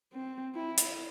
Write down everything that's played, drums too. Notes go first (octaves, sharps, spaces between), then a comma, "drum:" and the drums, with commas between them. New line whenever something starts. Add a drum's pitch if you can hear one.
C4
E4
drum: hi-hat